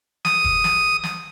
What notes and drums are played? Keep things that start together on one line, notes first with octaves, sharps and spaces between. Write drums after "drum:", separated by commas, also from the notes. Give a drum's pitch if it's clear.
D#6, drum: snare
drum: kick F1
drum: snare
drum: snare